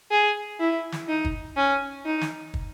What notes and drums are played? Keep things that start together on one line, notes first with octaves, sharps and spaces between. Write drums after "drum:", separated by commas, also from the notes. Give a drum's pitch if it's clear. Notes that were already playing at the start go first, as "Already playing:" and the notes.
G#4
E4
drum: snare
D#4
drum: kick
C#4
D#4
drum: snare
drum: kick